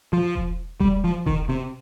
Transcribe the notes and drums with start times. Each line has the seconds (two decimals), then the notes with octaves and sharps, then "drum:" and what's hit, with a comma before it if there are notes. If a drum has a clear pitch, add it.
0.13 F3
0.35 drum: kick E1
0.80 G3, drum: kick E1
1.04 F3
1.26 D#3, drum: kick E1
1.49 C3